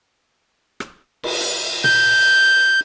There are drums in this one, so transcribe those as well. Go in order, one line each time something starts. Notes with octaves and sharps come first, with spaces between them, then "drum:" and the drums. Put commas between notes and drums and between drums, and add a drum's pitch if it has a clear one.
drum: rim click
drum: cymbal
drum: hi-hat
G6, drum: tom A#2